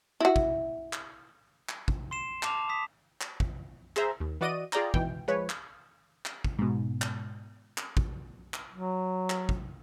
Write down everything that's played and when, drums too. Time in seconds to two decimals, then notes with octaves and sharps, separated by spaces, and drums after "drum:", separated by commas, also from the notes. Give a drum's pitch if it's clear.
0.20 E4 F#4
0.36 drum: kick
0.93 drum: clap
1.69 drum: clap
1.88 drum: kick
2.11 C6 C7 E7
2.43 A5 D6 F7, drum: clap
2.69 D#6 B6
3.21 drum: clap
3.40 drum: kick
3.96 G#4 C5 E5 A#5, drum: clap
4.20 D#2
4.41 E3 F#4 D5 D#5 D#7
4.73 F4 G#4 D5 G5 A#5, drum: clap
4.94 G#1 B2 E3 G5, drum: kick
5.28 F3 G#3 B4 C#5
5.49 drum: clap
6.25 drum: clap
6.44 drum: kick
6.59 G#2 B2
7.02 drum: clap
7.78 drum: clap
7.97 drum: kick
8.54 drum: clap
8.73 F#3
9.30 drum: clap
9.49 drum: kick